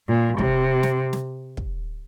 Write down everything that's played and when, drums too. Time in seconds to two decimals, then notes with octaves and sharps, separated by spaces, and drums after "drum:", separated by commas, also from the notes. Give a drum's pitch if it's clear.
0.09 A#2
0.39 C3, drum: kick
0.83 drum: snare
1.13 drum: snare
1.57 drum: kick